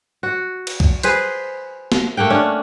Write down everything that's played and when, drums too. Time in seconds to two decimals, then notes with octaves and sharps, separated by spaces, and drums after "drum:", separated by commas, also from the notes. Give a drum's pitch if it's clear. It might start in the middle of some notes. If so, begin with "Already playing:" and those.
0.23 F#4
0.67 drum: cymbal
0.80 drum: kick
1.03 G#4 B4 C5, drum: hi-hat
1.92 drum: snare
2.17 A3 A#3 F#5 G5
2.30 C#4 D4